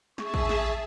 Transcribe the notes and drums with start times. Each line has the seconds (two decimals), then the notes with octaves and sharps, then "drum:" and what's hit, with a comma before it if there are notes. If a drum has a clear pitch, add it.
0.18 G#4 E5 A5 C#6, drum: snare
0.34 drum: kick
0.49 drum: snare